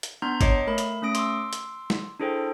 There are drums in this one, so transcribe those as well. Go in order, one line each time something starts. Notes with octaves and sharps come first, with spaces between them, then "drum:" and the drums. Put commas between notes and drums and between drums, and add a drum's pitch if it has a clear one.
drum: hi-hat
B3 D4 A#5 C6 G6
C#5 D#5 D6 C7 C#7, drum: kick G#1, hi-hat
A3 A#4 B5
drum: hi-hat
A3 C#4 D#6 A#6 D7
C6 D6 E6, drum: hi-hat
drum: hi-hat
drum: snare
D4 E4 G#4 A4 C5 G5